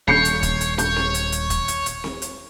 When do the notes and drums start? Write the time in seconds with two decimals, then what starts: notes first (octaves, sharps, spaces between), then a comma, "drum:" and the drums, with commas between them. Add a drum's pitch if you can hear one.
0.08 D#1 C#5 G6 C7 C#7
0.25 drum: hi-hat
0.43 drum: kick, hi-hat
0.61 drum: hi-hat
0.78 C#5 G6, drum: hi-hat
0.96 drum: snare C4
1.14 drum: hi-hat
1.32 drum: hi-hat
1.50 drum: kick, hi-hat
1.68 drum: hi-hat
1.86 drum: hi-hat
2.04 drum: snare C4
2.22 drum: hi-hat